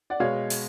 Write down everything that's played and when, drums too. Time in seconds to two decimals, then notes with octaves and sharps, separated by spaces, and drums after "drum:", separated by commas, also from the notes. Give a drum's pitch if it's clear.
0.10 D5 F#5
0.20 B2 G#3 C#5 F5
0.50 drum: open hi-hat